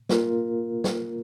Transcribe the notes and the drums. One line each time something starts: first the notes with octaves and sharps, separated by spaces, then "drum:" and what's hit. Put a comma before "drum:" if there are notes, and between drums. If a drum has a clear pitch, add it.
A#3 F4 A#4, drum: snare
drum: snare